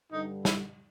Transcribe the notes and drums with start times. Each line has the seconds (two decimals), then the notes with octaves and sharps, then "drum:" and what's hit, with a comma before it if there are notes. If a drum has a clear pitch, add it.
0.11 G2 D3 G3 D#4
0.45 E4, drum: snare